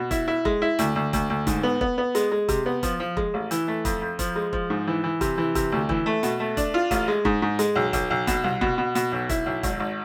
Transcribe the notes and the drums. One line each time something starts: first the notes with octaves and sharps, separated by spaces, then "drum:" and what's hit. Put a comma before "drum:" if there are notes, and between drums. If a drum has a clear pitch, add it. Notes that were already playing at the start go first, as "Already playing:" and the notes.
Already playing: B2
E4, drum: kick E1, hi-hat
E4
G#3, drum: kick E1
E4
D2, drum: hi-hat
D2
D2, drum: kick E1, hi-hat
D2
G#2, drum: kick E1, hi-hat
B3
B3, drum: kick E1
B3
G#3, drum: hi-hat
G#3
C3, drum: kick E1, hi-hat
B3
F3, drum: kick E1, hi-hat
F3
G#3, drum: kick E1
A1
E3, drum: hi-hat
A3
F2, drum: kick E1, hi-hat
F2
F3, drum: kick E1, hi-hat
G#3
F3, drum: kick E1
G#2
E3
E3
C3, drum: kick E1, hi-hat
E3
C3, drum: kick E1, hi-hat
D2
E3, drum: kick E1
A3
B2, drum: hi-hat
A3
D4, drum: kick E1, hi-hat
F4
A1, drum: kick E1, hi-hat
G#3
G#2, drum: kick E1
G#2
G#3, drum: hi-hat
B1
B1, drum: kick E1, hi-hat
B1
B2, drum: kick E1, hi-hat
C2
B2, drum: kick E1
B2
B2, drum: hi-hat
B1
E4, drum: kick E1, hi-hat
B1
G#1, drum: kick E1, hi-hat
G#1